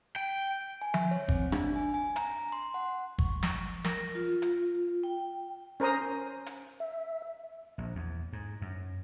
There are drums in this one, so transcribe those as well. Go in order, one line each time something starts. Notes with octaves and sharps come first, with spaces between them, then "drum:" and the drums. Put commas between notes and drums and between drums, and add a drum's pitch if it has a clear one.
G5
G#5
E5, drum: tom F3
C#5
C4, drum: kick G1
D4, drum: rim click
G#5
G#5
A#5, drum: hi-hat
C6
F#5
C#6, drum: kick G1
drum: snare
A#4, drum: snare
F4
drum: hi-hat
G5
C#4 A#4 C5 A#5 D#6
drum: hi-hat
E5
A#1
E2
G#2
F#2